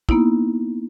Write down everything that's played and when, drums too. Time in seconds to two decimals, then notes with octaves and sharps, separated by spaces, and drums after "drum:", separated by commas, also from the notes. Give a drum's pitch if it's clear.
0.09 A#3 B3 D#4 E4, drum: kick